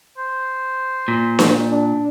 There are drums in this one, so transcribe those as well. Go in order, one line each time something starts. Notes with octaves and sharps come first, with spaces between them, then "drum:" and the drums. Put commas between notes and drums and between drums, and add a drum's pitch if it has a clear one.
C5
A#2
drum: snare D4
D4